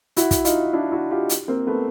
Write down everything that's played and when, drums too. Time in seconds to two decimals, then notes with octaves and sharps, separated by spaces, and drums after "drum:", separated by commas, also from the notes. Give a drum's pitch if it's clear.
0.17 E4 F#4, drum: hi-hat
0.31 drum: kick, hi-hat
0.45 D#4 F4, drum: hi-hat
0.73 D4 E4
0.92 E4 F#4
1.11 F4 G4
1.29 drum: hi-hat
1.48 A#3 C4
1.67 A3 B3